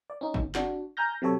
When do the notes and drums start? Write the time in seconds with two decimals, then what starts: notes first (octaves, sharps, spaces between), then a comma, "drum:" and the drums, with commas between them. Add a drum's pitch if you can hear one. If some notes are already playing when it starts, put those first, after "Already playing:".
0.10 D5
0.21 C#4 D#4
0.34 drum: kick G1
0.55 D4 F#4, drum: snare
0.97 G#5 A#5 F6 G6 A#6
1.22 C3 F#3 G4 A4 C#5